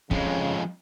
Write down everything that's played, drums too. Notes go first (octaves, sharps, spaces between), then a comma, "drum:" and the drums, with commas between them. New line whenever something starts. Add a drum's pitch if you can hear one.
F2 C#3 G#3, drum: kick